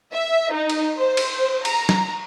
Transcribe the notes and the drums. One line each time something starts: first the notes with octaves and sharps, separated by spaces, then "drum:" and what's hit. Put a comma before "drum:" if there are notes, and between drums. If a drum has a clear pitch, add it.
E5
D#4
drum: cymbal
C5
drum: cymbal
A#5, drum: cymbal
drum: snare